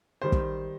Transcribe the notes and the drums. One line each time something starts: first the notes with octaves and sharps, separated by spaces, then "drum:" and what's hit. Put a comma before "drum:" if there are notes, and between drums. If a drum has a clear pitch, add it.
D#3 G3 C5
drum: kick